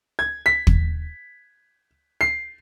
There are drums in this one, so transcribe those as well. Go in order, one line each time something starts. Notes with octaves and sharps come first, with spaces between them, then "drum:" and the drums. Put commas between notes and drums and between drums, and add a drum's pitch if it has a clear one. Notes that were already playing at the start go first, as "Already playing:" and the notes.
G#6
B6
drum: kick
C7